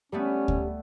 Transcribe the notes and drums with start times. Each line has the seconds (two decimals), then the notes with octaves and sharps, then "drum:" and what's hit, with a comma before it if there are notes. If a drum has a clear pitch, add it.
0.12 G3 A3 B3 C#4 G4
0.48 drum: kick D2